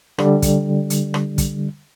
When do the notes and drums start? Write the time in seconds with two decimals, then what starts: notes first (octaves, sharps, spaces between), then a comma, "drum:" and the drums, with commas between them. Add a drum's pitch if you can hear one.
0.18 D3 G3, drum: rim click
0.42 drum: kick, hi-hat
0.90 drum: hi-hat
1.14 drum: rim click
1.38 drum: kick, hi-hat